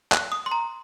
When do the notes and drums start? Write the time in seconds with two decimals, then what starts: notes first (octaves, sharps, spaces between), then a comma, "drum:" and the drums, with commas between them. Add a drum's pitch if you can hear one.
0.12 F#6, drum: clap
0.32 D#6
0.46 C6
0.51 A#5